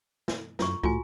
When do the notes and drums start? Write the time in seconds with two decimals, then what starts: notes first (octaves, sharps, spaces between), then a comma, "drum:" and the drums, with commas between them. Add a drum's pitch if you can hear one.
0.28 drum: snare
0.59 F#2 F4 C#6, drum: snare
0.83 A2 F4 F#4 G#5, drum: kick